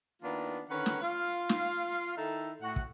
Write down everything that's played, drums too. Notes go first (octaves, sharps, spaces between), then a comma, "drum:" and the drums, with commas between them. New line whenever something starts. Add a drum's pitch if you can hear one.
D#3 A#3 B3 D4 E4 F4
D3 D#3 C#4 B4 C#5 F#5
drum: snare
F4 F5
drum: snare
D#3 D#4 E4 A4
A2 F#4 F#5
drum: kick